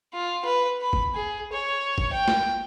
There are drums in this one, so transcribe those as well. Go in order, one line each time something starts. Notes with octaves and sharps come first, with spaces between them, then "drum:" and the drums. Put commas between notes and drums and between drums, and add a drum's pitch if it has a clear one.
F4
B4
B5
drum: kick
G#4
C#5
drum: kick
G5
drum: snare